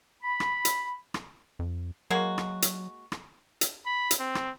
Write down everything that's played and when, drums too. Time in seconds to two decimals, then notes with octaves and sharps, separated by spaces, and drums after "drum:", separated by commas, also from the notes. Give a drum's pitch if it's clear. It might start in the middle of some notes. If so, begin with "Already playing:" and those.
0.23 B5
0.40 drum: rim click
0.65 drum: hi-hat
1.14 drum: rim click
1.59 F2
2.10 F#3 G#3 A#3 F#4
2.38 drum: rim click
2.62 drum: hi-hat
3.12 drum: rim click
3.61 drum: hi-hat
3.86 B5
4.11 drum: hi-hat
4.20 C4
4.35 drum: rim click